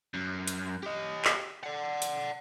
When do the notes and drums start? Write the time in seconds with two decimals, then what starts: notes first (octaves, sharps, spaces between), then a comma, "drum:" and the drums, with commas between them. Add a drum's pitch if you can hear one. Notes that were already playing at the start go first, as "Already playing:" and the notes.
0.14 F#2
0.48 drum: hi-hat
0.83 G4 D#5
1.25 drum: clap
1.63 D5 F#5
2.02 drum: hi-hat